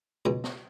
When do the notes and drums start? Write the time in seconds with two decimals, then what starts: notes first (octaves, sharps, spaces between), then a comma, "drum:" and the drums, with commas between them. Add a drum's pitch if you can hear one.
0.25 C#2 B2 G#3
0.44 drum: snare